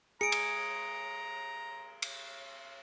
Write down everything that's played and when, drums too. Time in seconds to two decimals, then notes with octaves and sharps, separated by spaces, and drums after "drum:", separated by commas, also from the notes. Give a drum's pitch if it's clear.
0.21 G#4 A#5 C#7 D7
0.32 drum: cymbal
2.02 drum: cymbal